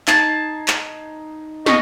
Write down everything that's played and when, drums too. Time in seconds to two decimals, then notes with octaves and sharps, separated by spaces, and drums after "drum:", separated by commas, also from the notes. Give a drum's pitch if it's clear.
0.08 D#4 A5 G#6 C7, drum: clap
0.68 drum: clap
1.66 D#5 C#6, drum: snare